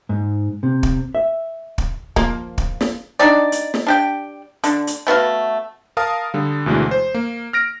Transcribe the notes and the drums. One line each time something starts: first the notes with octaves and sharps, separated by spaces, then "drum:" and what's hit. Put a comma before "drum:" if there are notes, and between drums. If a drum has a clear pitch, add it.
G#2
C3
drum: kick
E5
drum: kick
F3 A#3, drum: kick
drum: kick
drum: snare
D4 D#4 G4 D5
drum: hi-hat
drum: snare
D4 G4 G5
D3 D4, drum: hi-hat
drum: hi-hat
A3 B3 F#4 F5
A#4 F5 A5 D#6
D3 G3
D2 B2 D3 E3 G#3
C5
A#3
F6 A#6 D7